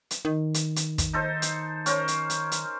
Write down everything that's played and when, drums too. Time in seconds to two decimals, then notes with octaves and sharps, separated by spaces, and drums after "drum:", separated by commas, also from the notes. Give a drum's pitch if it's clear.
0.11 drum: hi-hat
0.25 D#3
0.54 drum: hi-hat
0.76 drum: hi-hat
0.98 drum: kick, hi-hat
1.13 D#4 A4 C5
1.42 drum: hi-hat
1.86 C#4 A#4 C5, drum: hi-hat
2.08 drum: hi-hat
2.30 drum: hi-hat
2.52 drum: hi-hat